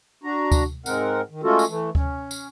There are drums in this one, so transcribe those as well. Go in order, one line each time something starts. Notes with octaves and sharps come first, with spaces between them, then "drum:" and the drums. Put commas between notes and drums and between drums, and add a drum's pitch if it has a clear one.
D4 F#4 A#5
drum: kick D2, tambourine
G#2 G#3 C4 A#4 F#5, drum: tambourine
D#3
G#3 A3 C#4 F4 F#4 A4
drum: tambourine
E3 A3
C#4, drum: kick D2
drum: tambourine